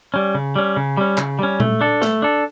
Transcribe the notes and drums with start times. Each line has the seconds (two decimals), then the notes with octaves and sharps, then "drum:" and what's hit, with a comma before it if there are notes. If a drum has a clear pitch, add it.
0.14 G3 C#4
0.35 C#3
0.56 G3 C#4
0.77 C#3
0.97 G3 C#4
1.18 C#3, drum: clap
1.39 G3 C#4
1.60 A3, drum: tom A#2
1.81 D4 A4
2.01 A3, drum: snare
2.22 D4 A4